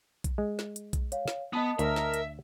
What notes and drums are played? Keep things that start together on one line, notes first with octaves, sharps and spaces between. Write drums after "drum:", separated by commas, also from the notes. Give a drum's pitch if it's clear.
drum: kick B1, hi-hat
G#3
drum: snare
drum: hi-hat
drum: kick B1, hi-hat
C#5 F5, drum: hi-hat
drum: snare
B3 D#5 A5 D#6
D2 A#4 E5, drum: hi-hat
drum: snare
drum: hi-hat